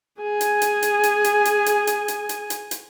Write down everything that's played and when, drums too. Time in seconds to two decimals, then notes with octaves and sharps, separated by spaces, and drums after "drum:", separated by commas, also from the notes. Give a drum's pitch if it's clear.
0.20 G#4 G#5
0.41 drum: hi-hat
0.62 drum: hi-hat
0.82 drum: hi-hat
1.03 drum: hi-hat
1.24 drum: hi-hat
1.45 drum: hi-hat
1.66 drum: hi-hat
1.87 drum: hi-hat
2.08 drum: hi-hat
2.29 drum: hi-hat
2.50 drum: hi-hat
2.71 drum: hi-hat